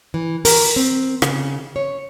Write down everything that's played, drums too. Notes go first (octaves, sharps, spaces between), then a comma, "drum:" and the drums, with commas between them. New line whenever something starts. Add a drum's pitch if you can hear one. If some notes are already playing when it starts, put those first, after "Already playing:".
E3
A#4, drum: open hi-hat
C4
C#3, drum: rim click
C#5